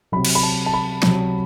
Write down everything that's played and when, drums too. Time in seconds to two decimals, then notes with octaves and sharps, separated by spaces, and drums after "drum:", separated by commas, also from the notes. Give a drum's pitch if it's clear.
0.12 C3 F#3 B5
0.25 drum: cymbal
0.35 B5
0.43 A5
0.66 A5
0.74 B5
1.03 C3 F#3, drum: snare